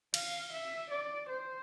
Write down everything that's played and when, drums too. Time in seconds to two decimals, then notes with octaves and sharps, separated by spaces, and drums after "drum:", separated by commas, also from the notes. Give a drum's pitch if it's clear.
0.14 F5, drum: cymbal
0.53 E5
0.90 D5
1.29 C5